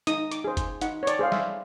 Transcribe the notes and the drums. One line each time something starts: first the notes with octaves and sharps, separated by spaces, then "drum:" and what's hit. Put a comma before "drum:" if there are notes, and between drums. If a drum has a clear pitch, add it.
D#4 D#6, drum: hi-hat
D6, drum: hi-hat
G#4 C5
drum: kick, hi-hat
D#4 F#5, drum: hi-hat
C#5
D5, drum: hi-hat
G#4 C5 F5
E5, drum: snare